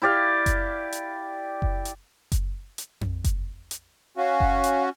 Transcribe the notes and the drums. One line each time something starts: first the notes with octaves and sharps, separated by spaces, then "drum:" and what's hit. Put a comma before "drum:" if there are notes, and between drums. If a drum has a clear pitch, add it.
E4 G4 D5 F5
drum: kick F#1, hi-hat
drum: hi-hat
drum: kick F#1
drum: hi-hat
drum: kick F#1, hi-hat
drum: hi-hat
drum: tom F2
drum: kick F#1, hi-hat
drum: hi-hat
C#4 F#4 F5
drum: kick F#1
drum: hi-hat